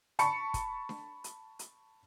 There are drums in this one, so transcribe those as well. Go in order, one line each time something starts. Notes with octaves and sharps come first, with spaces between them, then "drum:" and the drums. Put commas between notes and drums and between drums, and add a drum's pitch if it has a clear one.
A5 B5 C#6 C#7, drum: hi-hat
drum: kick, hi-hat
drum: snare D4
drum: hi-hat
drum: hi-hat